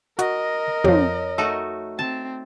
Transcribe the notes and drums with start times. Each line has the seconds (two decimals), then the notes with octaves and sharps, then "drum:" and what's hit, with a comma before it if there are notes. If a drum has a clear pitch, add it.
0.19 F#4 A#4 D#5, drum: hi-hat
0.84 F2 F3 C#5, drum: tom
1.38 A3 D#4 F#4 E6
1.99 C4 A5